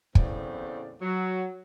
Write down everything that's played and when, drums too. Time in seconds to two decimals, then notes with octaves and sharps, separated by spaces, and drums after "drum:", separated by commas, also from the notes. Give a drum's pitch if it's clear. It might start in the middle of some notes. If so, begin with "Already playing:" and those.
0.15 E2 A2 C#3 C4 D5, drum: kick
1.01 F#3